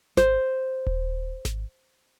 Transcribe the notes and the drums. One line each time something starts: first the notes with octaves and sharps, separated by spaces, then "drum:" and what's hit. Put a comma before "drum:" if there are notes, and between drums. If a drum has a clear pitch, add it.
C5, drum: snare G#1
drum: kick D#1
drum: snare G#1